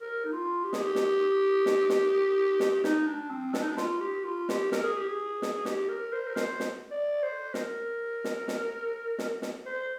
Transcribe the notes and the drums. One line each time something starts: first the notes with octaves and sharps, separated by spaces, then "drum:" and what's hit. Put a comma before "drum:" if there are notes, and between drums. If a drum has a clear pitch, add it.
A#4
D#4
F4
G4
G#4, drum: snare
G4
drum: snare
drum: snare
drum: snare
drum: snare
D#4, drum: snare
D4
C4
D4, drum: snare
D#4
D4
F4, drum: snare
G4
F4
G4, drum: snare
A#4, drum: snare
G#4
G4
G#4
drum: snare
G4, drum: snare
A#4
C5
A#4
C5, drum: snare
drum: snare
D5
C5
A#4, drum: snare
drum: snare
drum: snare
drum: snare
drum: snare
C5